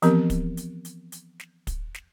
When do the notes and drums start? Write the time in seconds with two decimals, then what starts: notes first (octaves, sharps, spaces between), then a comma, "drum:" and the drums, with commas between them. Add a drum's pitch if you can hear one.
0.02 E3 F3 B3 C4 G4 A#4, drum: hi-hat
0.30 drum: kick, hi-hat
0.57 drum: hi-hat
0.85 drum: hi-hat
1.12 drum: hi-hat
1.40 drum: snare
1.67 drum: kick, hi-hat
1.94 drum: snare